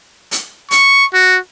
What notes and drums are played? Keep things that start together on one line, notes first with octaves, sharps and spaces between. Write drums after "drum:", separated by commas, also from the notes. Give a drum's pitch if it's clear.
drum: hi-hat
C#6, drum: hi-hat
F#4